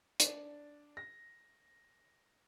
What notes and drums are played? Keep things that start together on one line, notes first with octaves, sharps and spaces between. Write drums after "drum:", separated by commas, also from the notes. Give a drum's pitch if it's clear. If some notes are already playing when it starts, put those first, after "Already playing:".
D4, drum: hi-hat
A#6